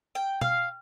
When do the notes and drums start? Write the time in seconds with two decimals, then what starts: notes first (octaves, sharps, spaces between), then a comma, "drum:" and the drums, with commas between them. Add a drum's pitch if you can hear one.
0.15 G5
0.41 F5, drum: tom B2